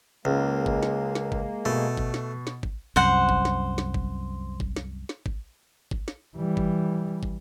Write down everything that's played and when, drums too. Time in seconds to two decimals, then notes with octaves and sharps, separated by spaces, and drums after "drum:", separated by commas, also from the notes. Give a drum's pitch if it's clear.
0.25 C#2 C#3 G#3 A#3
0.66 drum: kick
0.83 drum: snare
1.15 drum: snare
1.32 drum: kick
1.65 B2 A3
1.97 drum: kick
2.14 drum: snare
2.47 drum: snare
2.63 drum: kick
2.96 C2 F#2 C5 F#5
3.29 drum: kick
3.45 drum: snare
3.78 drum: snare
3.94 drum: kick
4.60 drum: kick
4.76 drum: snare
5.09 drum: snare
5.26 drum: kick
5.91 drum: kick
6.08 drum: snare
6.36 E3 G3
6.57 drum: kick
7.23 drum: kick